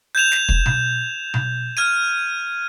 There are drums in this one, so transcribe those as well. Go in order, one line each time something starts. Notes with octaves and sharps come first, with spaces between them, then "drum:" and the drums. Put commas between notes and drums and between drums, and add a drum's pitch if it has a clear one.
G6 G#6 E7 F7
drum: snare
drum: kick
drum: tom B2
drum: tom B2
F6 G#6 D#7